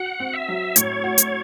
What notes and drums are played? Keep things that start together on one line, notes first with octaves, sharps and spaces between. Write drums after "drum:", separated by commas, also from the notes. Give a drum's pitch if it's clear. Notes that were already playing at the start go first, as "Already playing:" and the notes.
Already playing: F#4 F#5
C4
E5
F#3
A2 C#5, drum: hi-hat
F#4
drum: hi-hat